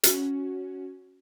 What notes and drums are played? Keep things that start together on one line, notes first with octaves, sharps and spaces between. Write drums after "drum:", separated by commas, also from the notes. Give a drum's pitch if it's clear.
C#4 F#4, drum: hi-hat